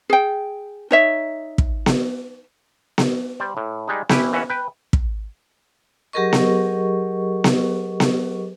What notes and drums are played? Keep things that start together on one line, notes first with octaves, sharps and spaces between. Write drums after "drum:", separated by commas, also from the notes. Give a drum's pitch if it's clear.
G#4 G5
D#4 C#5 E5
drum: kick
drum: snare B3
drum: snare B3
G3 C5 D5
A2
G3 G#3 D#4
C#4 E4 G4 B4, drum: snare B3
D#2 E3 C#4 E5 F#5
B4 G5
drum: kick
F#3 G4 G#4 A#4 D#5 C#6
drum: snare B3
drum: snare B3
drum: snare B3